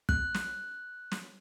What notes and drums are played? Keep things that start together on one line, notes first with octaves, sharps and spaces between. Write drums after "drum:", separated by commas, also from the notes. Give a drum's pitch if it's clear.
F#6, drum: kick
drum: snare
drum: snare